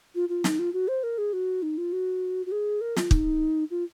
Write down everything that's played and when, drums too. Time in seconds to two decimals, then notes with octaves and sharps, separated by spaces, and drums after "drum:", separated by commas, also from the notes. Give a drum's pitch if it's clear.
0.15 F4
0.29 F4
0.44 D#4, drum: snare
0.59 F4
0.73 F#4
0.88 C5
1.03 A#4
1.18 G#4
1.33 F#4
1.62 D#4
1.78 F4
1.92 F#4
2.46 F#4
2.52 G#4
2.81 A#4
2.96 F4, drum: snare
3.11 D#4, drum: kick
3.71 F4